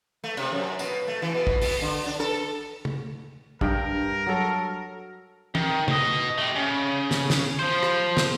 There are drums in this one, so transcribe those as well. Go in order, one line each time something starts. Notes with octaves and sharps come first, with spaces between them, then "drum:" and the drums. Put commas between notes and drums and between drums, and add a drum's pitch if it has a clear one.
A3
C3, drum: cymbal
F#2
B2, drum: tambourine
A3
E3
B2
drum: kick
B2, drum: open hi-hat
D3
D4
A4
drum: tom
G2 A#4 G5, drum: kick
F#3 A4
D#3, drum: tom
B2 D#5, drum: tom
A3 G4
C#3
drum: snare
drum: snare
F3 C5
drum: rim click
drum: snare